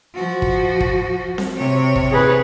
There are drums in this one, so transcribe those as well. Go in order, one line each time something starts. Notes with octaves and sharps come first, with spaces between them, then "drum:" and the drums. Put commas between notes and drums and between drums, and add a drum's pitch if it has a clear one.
F3 F#4
drum: kick
drum: kick
drum: snare C4
C3 C#5
drum: kick
G#4 B4